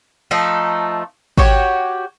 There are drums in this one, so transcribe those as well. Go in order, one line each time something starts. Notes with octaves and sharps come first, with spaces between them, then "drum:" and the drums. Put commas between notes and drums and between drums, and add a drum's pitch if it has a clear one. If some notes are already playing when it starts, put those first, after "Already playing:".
F3 A3 D#4
F#4 G4 C#5, drum: kick G#1